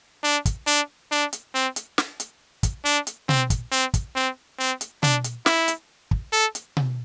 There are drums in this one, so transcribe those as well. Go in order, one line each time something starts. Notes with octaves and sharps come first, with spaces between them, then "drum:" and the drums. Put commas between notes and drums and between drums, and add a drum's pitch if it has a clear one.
D4
drum: kick, hi-hat
D4
D4
drum: hi-hat
C4
drum: hi-hat
drum: snare
drum: hi-hat
drum: kick, hi-hat
D4
drum: hi-hat
C4, drum: tom B2
drum: kick, hi-hat
C4
drum: kick, hi-hat
C4
C4
drum: hi-hat
D4, drum: tom B2
drum: hi-hat
E4, drum: snare
drum: hi-hat
drum: kick
A4
drum: hi-hat
drum: tom B2